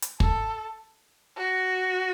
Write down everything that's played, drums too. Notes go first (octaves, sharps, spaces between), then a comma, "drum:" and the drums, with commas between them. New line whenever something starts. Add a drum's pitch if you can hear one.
drum: hi-hat
A4, drum: kick
F#4